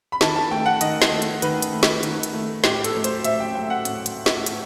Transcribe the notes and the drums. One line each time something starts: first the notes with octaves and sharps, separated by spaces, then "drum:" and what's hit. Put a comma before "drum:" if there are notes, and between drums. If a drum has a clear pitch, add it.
B5
D#3 A5, drum: snare
A5
A3 G5
F#5
D#3 D#5, drum: hi-hat
drum: snare
A3
drum: hi-hat
D#3 B4, drum: hi-hat
drum: hi-hat
A3
drum: snare
D#3, drum: hi-hat
drum: hi-hat
A3
A2 G4, drum: snare
A4, drum: hi-hat
F#3 A3
C5, drum: hi-hat
A2 E5, drum: hi-hat
G5
F#3 A3 G5
F#5
A2, drum: hi-hat
drum: hi-hat
drum: snare
drum: hi-hat